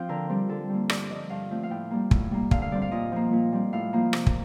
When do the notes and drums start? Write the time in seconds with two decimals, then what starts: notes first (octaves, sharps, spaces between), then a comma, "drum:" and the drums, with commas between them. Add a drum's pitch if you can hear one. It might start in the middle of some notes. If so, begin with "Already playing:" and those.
Already playing: F3 C4 F5 G5
0.09 D3 A#4
0.29 G3 C4
0.49 D3 A4
0.69 G3 A#3
0.90 G2 D5, drum: rim click
1.10 D3 F3 D#5
1.30 G2 F5
1.50 F3 A3 C4
1.63 F5
1.70 A2 G5
1.91 G3 A#3
2.11 A2, drum: kick
2.31 G3 A#3
2.51 D3 F5, drum: kick
2.62 F5
2.72 G3 C4 D5
2.82 F5
2.91 A#2 D#5
3.12 F3 A#3
3.32 A#2
3.52 G3 C4
3.73 A2 F5
3.93 F3 A#3
4.13 C3, drum: rim click
4.26 drum: kick